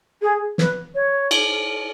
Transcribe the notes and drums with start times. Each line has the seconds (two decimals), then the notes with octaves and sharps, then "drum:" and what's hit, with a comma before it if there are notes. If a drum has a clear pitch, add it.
0.22 G#4
0.58 B4, drum: snare
0.95 C#5
1.31 drum: cymbal